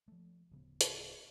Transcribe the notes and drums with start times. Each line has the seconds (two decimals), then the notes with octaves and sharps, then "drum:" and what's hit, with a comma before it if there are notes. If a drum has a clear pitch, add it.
0.08 F3 A3
0.51 D1 C#3 B3
0.81 drum: hi-hat